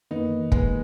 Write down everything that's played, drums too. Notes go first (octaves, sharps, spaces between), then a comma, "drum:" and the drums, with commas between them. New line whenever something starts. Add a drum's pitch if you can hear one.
F#2 D#3 A#3 B3 D#4
G#3 B3, drum: kick